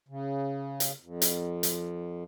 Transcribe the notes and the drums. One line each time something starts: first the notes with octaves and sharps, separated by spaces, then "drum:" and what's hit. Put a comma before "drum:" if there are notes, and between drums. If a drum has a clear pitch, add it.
C#3
drum: hi-hat
F2
drum: hi-hat
drum: hi-hat